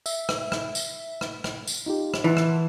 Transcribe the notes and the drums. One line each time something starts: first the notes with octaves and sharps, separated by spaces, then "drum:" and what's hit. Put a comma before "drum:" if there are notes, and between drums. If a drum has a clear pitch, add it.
E5, drum: tambourine
drum: rim click
drum: rim click
drum: tambourine
drum: rim click
drum: rim click
drum: tambourine
D#4 F4 G4
drum: rim click
E3 F#5 A5 C6
drum: rim click